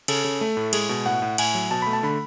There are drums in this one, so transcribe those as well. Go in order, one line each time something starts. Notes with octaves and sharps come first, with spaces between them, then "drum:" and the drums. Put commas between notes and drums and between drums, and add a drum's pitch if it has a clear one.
C#3 A4, drum: cymbal
C#3
A3
A2
G#3 G#4, drum: cymbal
B2
A2 F#5
A2
A2 G#5, drum: cymbal
F#3
B2 A5
A3 B5
A5
D3 B5